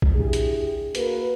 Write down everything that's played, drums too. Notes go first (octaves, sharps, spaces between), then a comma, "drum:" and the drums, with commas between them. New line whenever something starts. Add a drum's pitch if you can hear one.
drum: kick A#1
D4 E4 G4 G#4
drum: hi-hat
A#3 F#4 A#4 B4, drum: hi-hat